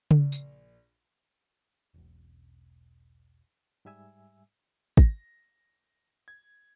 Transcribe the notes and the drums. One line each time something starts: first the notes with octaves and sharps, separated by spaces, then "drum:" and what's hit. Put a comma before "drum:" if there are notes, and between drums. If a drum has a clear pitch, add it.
A#1, drum: tom C#3
drum: tambourine
E1 B1
G#2 G3 E5 G#5 E6
A#6, drum: kick
G#6